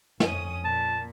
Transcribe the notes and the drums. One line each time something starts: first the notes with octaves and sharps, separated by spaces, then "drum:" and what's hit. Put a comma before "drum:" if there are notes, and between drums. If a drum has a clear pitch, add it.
F2 C#4 D#6, drum: snare
A#2 A5